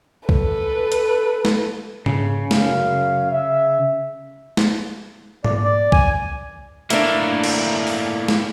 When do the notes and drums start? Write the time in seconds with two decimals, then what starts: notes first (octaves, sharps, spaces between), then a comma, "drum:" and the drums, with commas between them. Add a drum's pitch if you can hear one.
0.29 A4 B4, drum: kick C2
0.92 drum: hi-hat
1.45 drum: snare
2.06 C#3, drum: tom G#2
2.51 F#2 F5, drum: snare
3.32 E5
4.57 drum: snare
5.44 D5, drum: tom G#2
5.64 D5
5.92 G#5, drum: kick C2
6.90 A2 A3 A#3 D4, drum: hi-hat
7.44 drum: cymbal
7.87 drum: open hi-hat
8.28 drum: snare